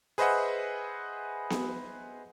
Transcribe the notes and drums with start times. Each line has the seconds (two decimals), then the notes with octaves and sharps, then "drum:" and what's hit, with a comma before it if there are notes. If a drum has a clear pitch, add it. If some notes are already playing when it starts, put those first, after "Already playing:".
0.18 G#4 B4 C5 D#5 E5 F#5
1.50 drum: snare B3